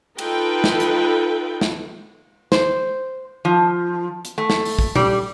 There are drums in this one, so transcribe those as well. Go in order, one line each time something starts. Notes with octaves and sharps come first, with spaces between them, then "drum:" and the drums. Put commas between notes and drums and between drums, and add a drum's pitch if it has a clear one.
D#4 F4 A4 B4 G5, drum: cymbal
drum: snare
drum: hi-hat
drum: snare
C5, drum: snare
F3
drum: hi-hat
A3
drum: snare
drum: open hi-hat
drum: kick
G3, drum: tom A#2